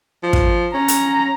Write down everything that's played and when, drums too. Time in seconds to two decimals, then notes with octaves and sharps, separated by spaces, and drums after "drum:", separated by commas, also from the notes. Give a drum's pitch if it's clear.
0.23 F3
0.33 drum: kick
0.74 C#4 A#5
0.88 drum: hi-hat